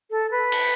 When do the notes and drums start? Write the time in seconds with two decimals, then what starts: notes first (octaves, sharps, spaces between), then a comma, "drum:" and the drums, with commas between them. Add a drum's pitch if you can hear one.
0.11 A4
0.31 B4
0.52 drum: cymbal